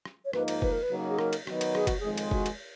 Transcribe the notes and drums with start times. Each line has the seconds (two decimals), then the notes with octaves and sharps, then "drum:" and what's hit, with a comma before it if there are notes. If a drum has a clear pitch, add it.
0.05 drum: rim click
0.25 C#5
0.33 G#2 F3 A#3 D#4 B4, drum: rim click
0.48 drum: cymbal
0.62 B4, drum: kick
0.72 A#4
0.83 B4
0.90 C#3 F#3 A#3 D#4
1.10 G#4
1.19 A#4, drum: rim click
1.33 drum: cymbal
1.47 D#3 F#3 B3 D#4, drum: rim click
1.61 drum: cymbal
1.75 G#4, drum: rim click
1.87 F#4, drum: kick, cymbal
2.00 F2 D#3 G#3 G#4
2.17 drum: cymbal
2.31 F#4, drum: kick
2.46 drum: cymbal